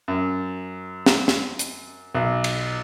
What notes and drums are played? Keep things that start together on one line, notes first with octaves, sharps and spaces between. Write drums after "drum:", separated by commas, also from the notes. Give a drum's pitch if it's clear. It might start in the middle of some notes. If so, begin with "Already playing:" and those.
F#2
drum: snare
drum: snare
drum: hi-hat
B1
drum: cymbal